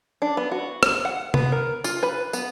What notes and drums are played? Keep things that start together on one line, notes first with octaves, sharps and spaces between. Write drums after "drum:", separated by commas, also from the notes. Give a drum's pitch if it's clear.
D4
B3
F#4
drum: rim click
F#5
B3, drum: tom C3
A#4
F4, drum: tambourine
B4
B3, drum: tambourine